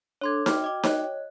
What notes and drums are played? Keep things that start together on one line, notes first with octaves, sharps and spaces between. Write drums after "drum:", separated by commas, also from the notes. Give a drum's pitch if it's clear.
D4 A4 C#5 C6 D6 G#6
F#4 G5 D6 F6, drum: snare D#4
D#5 D6
C#5 D#5 F#6, drum: snare D#4